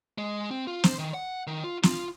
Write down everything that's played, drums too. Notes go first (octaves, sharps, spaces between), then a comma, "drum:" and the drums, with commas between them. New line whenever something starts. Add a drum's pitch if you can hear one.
G#3
C4
F4
C5, drum: snare
D#3
F#5
D#3
F4
F4, drum: snare